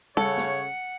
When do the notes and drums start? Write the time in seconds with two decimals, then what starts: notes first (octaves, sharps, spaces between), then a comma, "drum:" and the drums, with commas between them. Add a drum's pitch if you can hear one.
0.17 C#3 A4 C#5 F#5, drum: tom G3
0.37 drum: snare